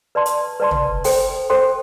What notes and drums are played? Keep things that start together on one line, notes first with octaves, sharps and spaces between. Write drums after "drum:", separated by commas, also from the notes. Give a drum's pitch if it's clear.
B4 D5 A5 C6
drum: hi-hat
B4 D5 A5 C6
drum: tom
A4 C5 G5 C6, drum: open hi-hat
A4 C5 G5 C6